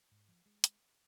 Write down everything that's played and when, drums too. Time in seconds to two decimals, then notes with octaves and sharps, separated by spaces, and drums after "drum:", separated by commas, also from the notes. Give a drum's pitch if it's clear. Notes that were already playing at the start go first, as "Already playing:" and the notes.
0.11 G#2
0.28 F3
0.46 G#3
0.64 drum: hi-hat